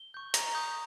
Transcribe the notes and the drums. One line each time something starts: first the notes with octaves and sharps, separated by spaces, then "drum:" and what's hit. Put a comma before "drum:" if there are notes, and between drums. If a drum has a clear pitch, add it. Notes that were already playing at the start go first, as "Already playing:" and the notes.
Already playing: G7
C#6 G6
A#5 F7, drum: hi-hat
D#6 G6